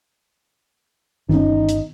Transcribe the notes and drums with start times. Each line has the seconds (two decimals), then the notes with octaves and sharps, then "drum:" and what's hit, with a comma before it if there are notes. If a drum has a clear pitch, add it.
1.29 G1 C#4 D#4, drum: tom D#3
1.69 drum: hi-hat